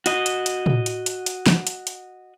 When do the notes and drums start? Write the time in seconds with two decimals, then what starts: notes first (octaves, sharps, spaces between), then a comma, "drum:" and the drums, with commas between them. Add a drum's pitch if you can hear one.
0.06 F#4 D#5, drum: hi-hat
0.26 drum: hi-hat
0.46 drum: hi-hat
0.66 drum: tom
0.86 drum: hi-hat
1.06 drum: hi-hat
1.26 drum: hi-hat
1.47 drum: snare
1.67 drum: hi-hat
1.87 drum: hi-hat